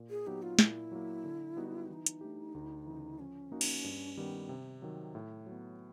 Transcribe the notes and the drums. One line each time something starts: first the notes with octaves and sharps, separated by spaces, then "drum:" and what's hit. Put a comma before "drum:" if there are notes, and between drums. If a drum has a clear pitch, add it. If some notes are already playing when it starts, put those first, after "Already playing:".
Already playing: A#2
G#4
F#3 B3 D#4 G4
F4
A#2 E4, drum: snare
F#3 A#3
D3
G3 B3 D#4 F#4
E3 D#4 E4
drum: hi-hat
A3 D4 G4
D2
C#3 E3
F3 C#4
A#3 D#4 F#4 A#4
drum: cymbal
G2
D#3 G3 B3
C3
D#3 F#3
A2
F#3 B3